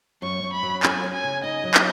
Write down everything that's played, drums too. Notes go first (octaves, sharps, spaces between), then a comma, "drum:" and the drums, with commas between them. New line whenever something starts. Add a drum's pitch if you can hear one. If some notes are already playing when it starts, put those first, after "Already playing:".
F#2 C#6
F#2
B5
F#3
C#4 G#5, drum: clap
C#4
G#5
C#3
D#4 D#5
F#3
drum: clap